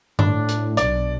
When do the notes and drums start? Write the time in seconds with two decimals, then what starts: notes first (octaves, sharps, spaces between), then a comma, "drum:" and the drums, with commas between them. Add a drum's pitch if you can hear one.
0.19 A2 D4, drum: tom G2
0.49 drum: hi-hat
0.77 B1 D5, drum: hi-hat